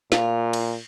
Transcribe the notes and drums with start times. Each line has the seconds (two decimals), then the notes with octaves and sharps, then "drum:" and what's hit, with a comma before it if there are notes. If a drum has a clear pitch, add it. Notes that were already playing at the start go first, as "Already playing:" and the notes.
0.12 A#2 F4, drum: snare
0.53 drum: cymbal